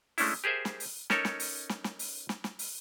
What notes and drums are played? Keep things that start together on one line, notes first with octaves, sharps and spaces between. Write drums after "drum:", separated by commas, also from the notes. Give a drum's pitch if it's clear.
G#3 A3 C#4 D4 E4, drum: open hi-hat
G4 G#4 A#4 C5 E5
drum: snare
drum: open hi-hat
C#4 D#4 A4 A#4 C#5, drum: snare
drum: snare
drum: open hi-hat
drum: snare
drum: snare
drum: open hi-hat
drum: snare
drum: snare
drum: open hi-hat